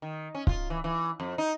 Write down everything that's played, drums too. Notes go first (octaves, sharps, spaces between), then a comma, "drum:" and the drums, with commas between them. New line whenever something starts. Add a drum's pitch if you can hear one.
D#3
C#4
F4, drum: kick
E3
E3
F2
D#4